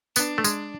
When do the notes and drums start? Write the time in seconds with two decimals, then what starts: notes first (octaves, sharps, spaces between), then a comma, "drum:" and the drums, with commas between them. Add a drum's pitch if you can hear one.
0.16 B3 D4, drum: tambourine
0.38 A3
0.44 G#3, drum: tambourine